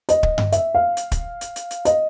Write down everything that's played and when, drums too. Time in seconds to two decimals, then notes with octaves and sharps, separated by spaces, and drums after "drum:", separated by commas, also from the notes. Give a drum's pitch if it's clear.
0.09 D#5, drum: hi-hat
0.23 drum: kick
0.38 drum: tom G2
0.52 E5, drum: hi-hat
0.75 F5
0.97 drum: hi-hat
1.12 drum: kick, hi-hat
1.41 drum: hi-hat
1.56 drum: hi-hat
1.71 drum: hi-hat
1.85 D#5, drum: hi-hat